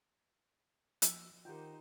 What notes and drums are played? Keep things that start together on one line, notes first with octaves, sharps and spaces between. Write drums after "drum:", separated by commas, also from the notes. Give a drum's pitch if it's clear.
F3 E6, drum: hi-hat
D#3 D#4 F4 G4 C5 F#5 G5